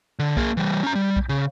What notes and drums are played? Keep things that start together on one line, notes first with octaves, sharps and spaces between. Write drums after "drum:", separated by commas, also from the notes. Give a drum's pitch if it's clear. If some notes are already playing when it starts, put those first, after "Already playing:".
D3
A#3 G#4, drum: kick B1
E3 G3
C#4 A#5
G3
drum: kick B1
C#3